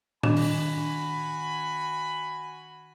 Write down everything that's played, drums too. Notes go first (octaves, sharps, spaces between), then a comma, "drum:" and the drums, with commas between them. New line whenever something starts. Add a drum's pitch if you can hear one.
D#3 D4 F#4 G#5 B5, drum: tom A2
drum: open hi-hat